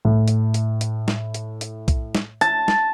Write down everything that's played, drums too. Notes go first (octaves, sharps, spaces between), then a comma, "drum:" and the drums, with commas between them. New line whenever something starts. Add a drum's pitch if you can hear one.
A2
drum: hi-hat
drum: hi-hat
drum: hi-hat
drum: snare
drum: hi-hat
drum: hi-hat
drum: kick B1, hi-hat
drum: snare
A5, drum: hi-hat
drum: snare